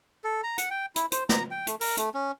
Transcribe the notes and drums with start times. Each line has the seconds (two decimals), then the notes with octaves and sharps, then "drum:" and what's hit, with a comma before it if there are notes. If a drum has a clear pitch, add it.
0.24 A4
0.43 A#5
0.58 F#5, drum: hi-hat
0.70 G5
0.96 E4, drum: hi-hat
1.12 C5, drum: hi-hat
1.29 A#5, drum: snare
1.51 G5
1.67 A3, drum: hi-hat
1.81 A#4, drum: open hi-hat
1.97 A3, drum: hi-hat
2.14 C#4